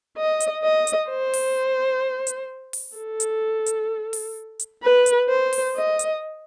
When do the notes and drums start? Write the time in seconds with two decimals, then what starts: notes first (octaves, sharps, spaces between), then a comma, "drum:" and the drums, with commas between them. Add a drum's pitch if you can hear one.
0.18 D#5
0.40 drum: hi-hat
0.63 D#5
0.87 drum: hi-hat
1.10 C5
1.33 drum: open hi-hat
2.27 drum: hi-hat
2.73 drum: open hi-hat
2.97 A4
3.20 drum: hi-hat
3.66 drum: hi-hat
4.13 drum: open hi-hat
4.59 drum: hi-hat
4.83 B4
5.06 drum: hi-hat
5.29 C5
5.53 drum: open hi-hat
5.76 D#5
5.99 drum: hi-hat